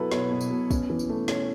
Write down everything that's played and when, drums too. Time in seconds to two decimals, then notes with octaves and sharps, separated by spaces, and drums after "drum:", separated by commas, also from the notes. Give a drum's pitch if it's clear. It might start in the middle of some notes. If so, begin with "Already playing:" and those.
Already playing: F#3 B3 E4 A4 B4
0.12 B2 C#5, drum: snare
0.30 B2
0.41 drum: tambourine
0.50 B2
0.71 C#4, drum: kick, tambourine
0.90 E3
0.99 drum: tambourine
1.09 A3
1.28 C#4 C#5, drum: snare